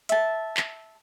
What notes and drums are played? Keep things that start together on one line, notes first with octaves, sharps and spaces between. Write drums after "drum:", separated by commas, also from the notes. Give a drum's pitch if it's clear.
E5 A5, drum: hi-hat
drum: clap